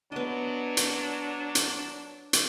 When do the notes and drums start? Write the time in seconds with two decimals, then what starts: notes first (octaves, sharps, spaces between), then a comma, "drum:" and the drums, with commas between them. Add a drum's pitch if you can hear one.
0.12 F#3 B3 D4 D#5
0.77 drum: hi-hat
1.55 drum: hi-hat
2.33 drum: hi-hat